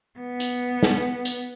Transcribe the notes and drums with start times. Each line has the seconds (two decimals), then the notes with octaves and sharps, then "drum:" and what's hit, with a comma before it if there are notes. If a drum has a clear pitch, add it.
0.19 B3
0.40 drum: hi-hat
0.83 drum: snare
1.25 drum: hi-hat